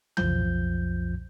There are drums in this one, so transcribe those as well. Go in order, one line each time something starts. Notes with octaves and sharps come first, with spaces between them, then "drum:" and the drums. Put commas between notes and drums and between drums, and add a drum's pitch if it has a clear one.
B1 F2 F3 G6, drum: tom